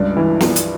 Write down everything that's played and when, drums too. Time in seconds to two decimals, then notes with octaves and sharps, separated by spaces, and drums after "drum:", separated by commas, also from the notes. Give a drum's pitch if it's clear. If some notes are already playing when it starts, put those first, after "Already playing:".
Already playing: C#2 G2 D5
0.17 E3
0.41 F3, drum: snare
0.56 drum: hi-hat